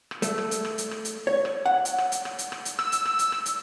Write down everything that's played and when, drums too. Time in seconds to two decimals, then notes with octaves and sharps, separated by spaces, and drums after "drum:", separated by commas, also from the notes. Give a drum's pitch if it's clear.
0.11 drum: rim click
0.22 A3, drum: hi-hat
0.38 drum: rim click
0.51 drum: hi-hat
0.65 drum: rim click
0.78 drum: hi-hat
0.91 drum: rim click
1.05 drum: hi-hat
1.27 C#5
1.45 drum: rim click
1.66 F#5
1.85 drum: hi-hat
1.98 drum: rim click
2.12 drum: hi-hat
2.25 drum: rim click
2.39 drum: hi-hat
2.52 drum: rim click
2.65 drum: hi-hat
2.79 E6, drum: rim click
2.92 drum: hi-hat
3.05 drum: rim click
3.19 drum: hi-hat
3.32 drum: rim click
3.46 drum: hi-hat